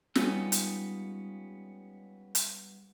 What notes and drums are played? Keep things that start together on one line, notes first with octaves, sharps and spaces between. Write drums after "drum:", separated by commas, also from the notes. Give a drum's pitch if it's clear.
G3 G#3 B3 C#4 D#4 F4, drum: snare
drum: hi-hat
drum: hi-hat